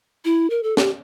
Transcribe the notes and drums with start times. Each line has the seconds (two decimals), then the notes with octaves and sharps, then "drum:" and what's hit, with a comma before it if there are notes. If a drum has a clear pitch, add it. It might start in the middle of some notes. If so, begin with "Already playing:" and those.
0.25 E4
0.50 A#4
0.63 A4
0.77 G4, drum: snare